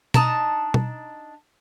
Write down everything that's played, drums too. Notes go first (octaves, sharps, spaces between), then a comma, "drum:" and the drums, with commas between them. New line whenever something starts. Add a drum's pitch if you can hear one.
D4 D#4 A5 A#5, drum: tom B2
drum: tom B2